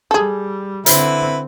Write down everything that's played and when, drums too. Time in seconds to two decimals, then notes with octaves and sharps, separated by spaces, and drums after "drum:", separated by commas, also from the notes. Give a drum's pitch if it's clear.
0.11 G3 G#4 A4
0.86 D3 C4 E4 B4, drum: hi-hat